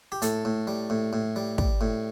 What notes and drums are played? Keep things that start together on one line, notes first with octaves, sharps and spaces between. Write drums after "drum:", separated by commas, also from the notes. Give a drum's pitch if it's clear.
G4
A2 A4, drum: hi-hat
A2
G3
A2
A2
G3
G3, drum: kick
A2